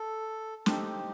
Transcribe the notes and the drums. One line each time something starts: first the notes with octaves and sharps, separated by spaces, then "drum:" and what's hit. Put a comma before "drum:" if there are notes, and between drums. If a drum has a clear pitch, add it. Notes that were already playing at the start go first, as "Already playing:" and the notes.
Already playing: A4
C4 D#4 G4 A4, drum: snare